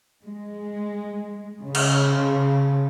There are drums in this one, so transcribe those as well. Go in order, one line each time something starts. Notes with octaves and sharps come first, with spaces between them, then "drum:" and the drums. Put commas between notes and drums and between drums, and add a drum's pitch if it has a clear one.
G#3
C#3
drum: cymbal